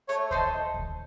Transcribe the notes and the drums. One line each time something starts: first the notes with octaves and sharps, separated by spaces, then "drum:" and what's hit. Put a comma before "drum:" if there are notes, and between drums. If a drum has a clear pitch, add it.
A3 C#5
D#4 A4 C5 D#5, drum: kick D2
drum: kick D2